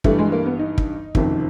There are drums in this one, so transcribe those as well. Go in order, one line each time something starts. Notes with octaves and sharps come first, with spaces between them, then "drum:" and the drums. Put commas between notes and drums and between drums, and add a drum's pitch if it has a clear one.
G2 E3 G3 A3, drum: kick
G#3
A#3
B3
D#4
drum: kick
F#1 F2 C3 D#3, drum: kick